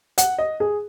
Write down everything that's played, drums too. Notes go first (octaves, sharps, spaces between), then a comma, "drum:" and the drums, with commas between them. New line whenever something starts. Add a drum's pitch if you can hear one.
F#5, drum: hi-hat
D#5
G#4